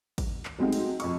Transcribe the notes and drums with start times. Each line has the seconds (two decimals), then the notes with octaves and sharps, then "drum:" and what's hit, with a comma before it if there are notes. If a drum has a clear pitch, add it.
0.18 drum: kick, cymbal
0.45 drum: clap
0.59 F#3 G#3 A3 C4 D#4 F#4
0.72 drum: cymbal
1.00 F2 D#5 C#6, drum: cymbal